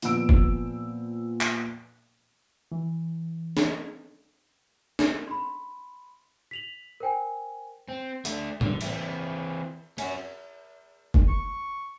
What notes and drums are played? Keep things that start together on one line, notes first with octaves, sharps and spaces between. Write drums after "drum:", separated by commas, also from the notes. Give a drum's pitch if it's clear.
A#2 F3 B3 E6 D7, drum: hi-hat
drum: kick
drum: clap
E3
drum: snare
drum: snare
B5 C6
B6 F7 F#7
A#4 C5 G5 G#5
C4
A3 D4, drum: hi-hat
D3, drum: tom A2
E3 C4, drum: cymbal
C#4 F#4, drum: cymbal
drum: kick
C#6